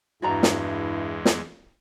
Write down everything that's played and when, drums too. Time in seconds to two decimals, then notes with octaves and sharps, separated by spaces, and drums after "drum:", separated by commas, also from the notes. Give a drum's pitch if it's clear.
0.22 E2 G2 G#3 E4 F#4 D5 A#5
0.43 drum: snare
1.25 drum: snare